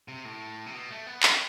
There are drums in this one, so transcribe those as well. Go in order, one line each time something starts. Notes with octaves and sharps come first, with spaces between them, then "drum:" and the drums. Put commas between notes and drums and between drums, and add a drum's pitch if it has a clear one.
C3
A2
C3
B2
A3
B3
C4, drum: clap